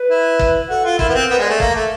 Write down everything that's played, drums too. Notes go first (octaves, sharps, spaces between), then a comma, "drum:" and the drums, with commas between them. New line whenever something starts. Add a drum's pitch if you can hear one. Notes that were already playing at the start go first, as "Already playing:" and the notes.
Already playing: B4
E4
drum: kick
F#4 A4
F4
E4 A#4, drum: kick
B3
C4
B3 A#4
G#3 D5
A3 D5
A#3 A4, drum: kick
A3